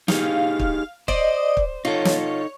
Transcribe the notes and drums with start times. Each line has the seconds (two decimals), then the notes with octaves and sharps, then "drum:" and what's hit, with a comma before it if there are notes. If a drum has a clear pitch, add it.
0.08 D#4 G4 G#4 F5, drum: snare
0.60 drum: kick
1.08 C5 D5 D#5, drum: kick
1.57 drum: kick
1.85 D#4 F4 A4 C#5
2.05 drum: snare